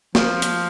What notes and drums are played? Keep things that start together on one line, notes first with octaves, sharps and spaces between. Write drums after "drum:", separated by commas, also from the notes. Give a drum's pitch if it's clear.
F3, drum: snare
drum: hi-hat